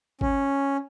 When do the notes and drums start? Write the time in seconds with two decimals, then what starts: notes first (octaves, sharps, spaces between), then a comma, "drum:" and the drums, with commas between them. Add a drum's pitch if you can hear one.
0.21 C#4, drum: kick